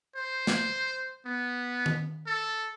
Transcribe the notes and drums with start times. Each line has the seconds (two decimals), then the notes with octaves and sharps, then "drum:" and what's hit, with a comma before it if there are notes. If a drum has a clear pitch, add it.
0.16 C5
0.47 drum: snare
1.25 B3
1.86 drum: tom D#3
2.26 A4